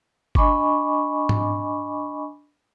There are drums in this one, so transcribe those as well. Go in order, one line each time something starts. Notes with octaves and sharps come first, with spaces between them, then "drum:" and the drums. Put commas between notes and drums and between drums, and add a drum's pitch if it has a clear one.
D4 D#5 G#5 B5 C#6 D6, drum: kick G1
drum: tom G#2